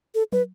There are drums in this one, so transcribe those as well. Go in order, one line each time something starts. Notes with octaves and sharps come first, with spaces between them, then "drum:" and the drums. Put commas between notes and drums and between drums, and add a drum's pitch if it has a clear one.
A4
B4, drum: tom